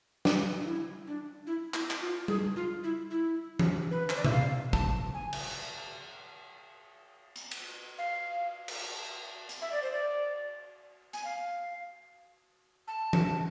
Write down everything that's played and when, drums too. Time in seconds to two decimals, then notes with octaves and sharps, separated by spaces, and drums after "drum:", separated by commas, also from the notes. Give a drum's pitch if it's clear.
0.25 D4, drum: snare
0.65 E4
1.07 D4
1.47 E4
1.74 E4, drum: clap
1.90 drum: clap
2.01 F4
2.28 G#4, drum: tom G3
2.56 F4
2.84 E4
3.10 E4
3.59 drum: tom E3
3.91 B4
4.10 C5, drum: clap
4.16 D5
4.24 E5, drum: tom B2
4.32 F5
4.73 A5, drum: kick
5.14 G#5
5.33 drum: cymbal
7.36 drum: hi-hat
7.51 drum: cymbal
7.98 F5
8.68 drum: cymbal
9.49 drum: hi-hat
9.62 E5
9.72 D5
9.82 C5
9.93 D5
11.13 G#5, drum: hi-hat
11.25 F5
12.88 A5
13.13 drum: tom E3